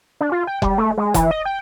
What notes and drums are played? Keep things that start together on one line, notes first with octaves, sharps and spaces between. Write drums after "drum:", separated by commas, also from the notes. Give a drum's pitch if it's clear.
D4
F4
G5
G3, drum: kick F1
A3
G#3
E3, drum: kick F1, hi-hat
D#5
G5